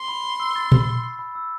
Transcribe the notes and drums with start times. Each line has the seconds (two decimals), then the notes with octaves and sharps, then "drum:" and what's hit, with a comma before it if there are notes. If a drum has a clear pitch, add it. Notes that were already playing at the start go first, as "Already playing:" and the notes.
Already playing: C6
0.08 B5
0.24 B5
0.40 E6
0.56 A6
0.72 B5, drum: tom A#2
0.88 A6
1.03 C7
1.19 B5
1.35 E6